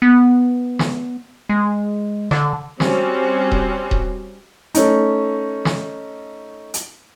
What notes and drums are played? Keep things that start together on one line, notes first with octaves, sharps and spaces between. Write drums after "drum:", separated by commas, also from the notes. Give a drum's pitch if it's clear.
B3
drum: snare
G#3
D3, drum: rim click
G3 C4 C#4 F#4 C5, drum: snare
drum: kick D#1
drum: kick D#1
A3 C#4 D#4, drum: hi-hat
drum: snare
drum: hi-hat